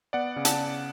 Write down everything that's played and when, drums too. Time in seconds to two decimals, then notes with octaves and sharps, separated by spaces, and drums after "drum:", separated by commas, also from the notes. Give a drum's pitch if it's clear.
0.13 B3 D5 F#5
0.36 C#3
0.45 F#5 A5, drum: hi-hat